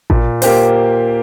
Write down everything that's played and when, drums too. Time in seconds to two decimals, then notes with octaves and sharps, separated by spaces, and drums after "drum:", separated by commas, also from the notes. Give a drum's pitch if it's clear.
0.10 A#2, drum: kick A1
0.42 A#3 G4 C5, drum: open hi-hat